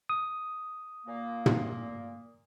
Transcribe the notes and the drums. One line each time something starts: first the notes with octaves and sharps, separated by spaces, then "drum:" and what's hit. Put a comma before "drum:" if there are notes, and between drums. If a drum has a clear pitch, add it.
D#6
A#2 A#3
drum: tom